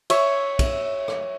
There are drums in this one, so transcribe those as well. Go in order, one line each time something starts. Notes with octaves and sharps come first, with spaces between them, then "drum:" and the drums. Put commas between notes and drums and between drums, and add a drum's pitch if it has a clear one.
C#5 E5, drum: cymbal
drum: kick, cymbal
drum: rim click